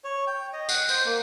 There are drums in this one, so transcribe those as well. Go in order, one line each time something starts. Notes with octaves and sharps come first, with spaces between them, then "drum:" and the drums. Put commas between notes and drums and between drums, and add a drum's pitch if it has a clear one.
C#5
G5
D#5
F#5, drum: tambourine
C5, drum: tambourine
A#3